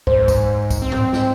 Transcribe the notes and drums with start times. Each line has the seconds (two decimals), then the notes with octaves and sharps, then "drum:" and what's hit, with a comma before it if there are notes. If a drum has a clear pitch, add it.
0.07 G#2 C5, drum: kick
0.28 drum: kick, tambourine
0.71 drum: kick, tambourine
0.82 C4
0.92 drum: tom G#2
1.13 drum: snare